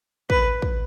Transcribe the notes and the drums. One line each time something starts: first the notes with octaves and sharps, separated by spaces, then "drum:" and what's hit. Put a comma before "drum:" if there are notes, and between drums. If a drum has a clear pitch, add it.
B4, drum: kick
drum: kick